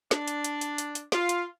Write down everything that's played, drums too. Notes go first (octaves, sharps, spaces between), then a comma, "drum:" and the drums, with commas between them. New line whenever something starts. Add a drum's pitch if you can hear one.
D4, drum: snare
drum: hi-hat
drum: hi-hat
drum: hi-hat
drum: hi-hat
drum: hi-hat
F4, drum: snare
drum: hi-hat